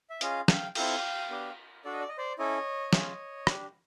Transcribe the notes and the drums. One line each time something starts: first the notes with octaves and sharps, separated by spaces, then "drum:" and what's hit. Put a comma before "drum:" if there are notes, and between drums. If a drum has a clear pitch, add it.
E5
C#4 F4 G#4 D#5 F5, drum: hi-hat
F5 G5, drum: snare
C4 E4 A4 F5 G5, drum: cymbal
B3 D4 G4
D4 F#4 A4 D5
D#5
D5
D#5
C5 D5
C#4 E4 A4 C#5 D#5
C#4 F4 G#4, drum: snare
D4 G4, drum: rim click